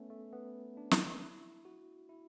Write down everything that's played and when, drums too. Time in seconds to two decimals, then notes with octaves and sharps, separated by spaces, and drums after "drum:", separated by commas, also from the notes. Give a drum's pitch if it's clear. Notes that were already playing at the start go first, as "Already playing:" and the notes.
Already playing: A3 B3 C#4
0.10 A3
0.33 B3
0.77 D4
0.91 drum: snare
1.21 E4
1.65 F#4
2.09 E4